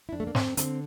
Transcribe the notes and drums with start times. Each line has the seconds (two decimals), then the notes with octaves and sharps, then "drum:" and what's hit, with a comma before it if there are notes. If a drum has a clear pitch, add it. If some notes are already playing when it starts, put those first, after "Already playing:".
0.09 E4
0.12 F2 D4
0.20 A3
0.27 A#3
0.35 F2 C4, drum: snare
0.57 D3 C4, drum: hi-hat